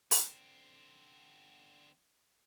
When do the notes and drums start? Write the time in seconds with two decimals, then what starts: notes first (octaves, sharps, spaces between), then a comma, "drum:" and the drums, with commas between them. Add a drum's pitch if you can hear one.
0.11 D3 C4, drum: open hi-hat